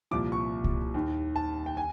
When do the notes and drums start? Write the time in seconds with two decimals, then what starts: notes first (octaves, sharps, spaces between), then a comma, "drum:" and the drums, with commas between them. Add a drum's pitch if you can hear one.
0.11 C2 A#2 F3 D6
0.32 C#6
0.64 drum: kick C2
0.94 D#2 D#3
1.36 A5
1.66 G5
1.77 G#5